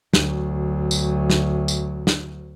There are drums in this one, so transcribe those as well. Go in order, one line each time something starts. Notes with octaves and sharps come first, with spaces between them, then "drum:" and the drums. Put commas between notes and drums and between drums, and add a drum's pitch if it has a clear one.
D2 F#3, drum: snare
drum: tambourine
drum: snare
drum: tambourine
drum: snare